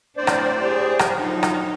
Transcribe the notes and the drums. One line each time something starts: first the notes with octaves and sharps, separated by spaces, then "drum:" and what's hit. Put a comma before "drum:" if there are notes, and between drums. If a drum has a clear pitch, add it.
A2 C4 D4 C5 D5
drum: rim click
G4 G#4
drum: rim click
D3 F3 F#3 D#4
drum: rim click